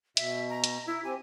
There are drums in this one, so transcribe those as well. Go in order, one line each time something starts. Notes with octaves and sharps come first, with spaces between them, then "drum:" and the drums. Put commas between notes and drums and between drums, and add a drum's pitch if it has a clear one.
B2 E5, drum: hi-hat
A#5
drum: hi-hat
E4
C4 G4 G#5